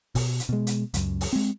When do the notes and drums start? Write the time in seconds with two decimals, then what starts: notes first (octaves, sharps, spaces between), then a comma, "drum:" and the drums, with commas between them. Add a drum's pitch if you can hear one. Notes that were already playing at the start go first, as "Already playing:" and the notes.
0.15 B2, drum: kick, open hi-hat
0.40 drum: hi-hat
0.49 B2 G#3
0.67 drum: hi-hat
0.94 C#2 F#2, drum: hi-hat
1.21 drum: open hi-hat
1.33 G#3 C4